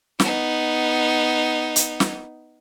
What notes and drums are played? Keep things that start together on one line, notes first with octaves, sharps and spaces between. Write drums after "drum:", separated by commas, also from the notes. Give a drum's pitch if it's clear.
B3 D#4, drum: snare
drum: hi-hat
drum: snare